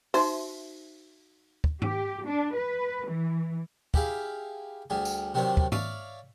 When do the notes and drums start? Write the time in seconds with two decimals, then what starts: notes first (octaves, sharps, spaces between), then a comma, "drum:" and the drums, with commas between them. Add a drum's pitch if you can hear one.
0.14 D#4 F#4 C5 E5, drum: open hi-hat
1.64 drum: kick
1.82 G4, drum: tom G#2
2.25 D4
2.55 B4
3.07 E3
3.94 E4 G4 G#4 E5 F5, drum: kick
4.90 D2 G3 G#4
5.05 drum: tambourine
5.34 C3 D#3 F#3 C4 D4
5.57 drum: kick
5.72 C#5 D5 E5 F5, drum: tom G#2